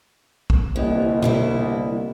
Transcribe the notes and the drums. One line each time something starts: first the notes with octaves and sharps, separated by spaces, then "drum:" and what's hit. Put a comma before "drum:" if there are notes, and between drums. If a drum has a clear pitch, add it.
drum: kick
G1 C2 E3 A#3 C#4 D#5
C3 G3 E4, drum: tom A#2